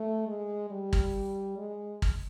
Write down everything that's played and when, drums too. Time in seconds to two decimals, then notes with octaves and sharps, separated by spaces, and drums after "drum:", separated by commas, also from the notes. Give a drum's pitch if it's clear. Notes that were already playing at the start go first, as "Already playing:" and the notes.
Already playing: A3
0.27 G#3
0.71 G3
0.93 drum: kick G#1
1.58 G#3
2.02 drum: kick G#1